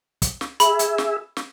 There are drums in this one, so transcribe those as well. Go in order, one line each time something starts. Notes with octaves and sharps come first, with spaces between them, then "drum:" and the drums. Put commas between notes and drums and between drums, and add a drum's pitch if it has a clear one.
drum: kick, hi-hat
drum: snare
G#4 E5 B5, drum: hi-hat
drum: hi-hat
drum: snare
drum: snare